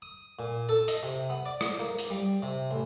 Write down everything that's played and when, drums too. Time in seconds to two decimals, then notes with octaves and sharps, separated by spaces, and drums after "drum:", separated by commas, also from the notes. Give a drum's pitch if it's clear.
0.02 D#6
0.39 A#2
0.69 A4
0.88 D#5, drum: hi-hat
1.03 C3
1.30 B3
1.46 D5
1.61 drum: rim click
1.80 A#3
1.99 drum: hi-hat
2.10 G3
2.43 C3
2.71 A1